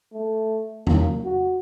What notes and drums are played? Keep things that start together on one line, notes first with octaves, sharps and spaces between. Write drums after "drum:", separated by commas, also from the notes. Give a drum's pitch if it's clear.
A3
A#3, drum: tom E2
F#4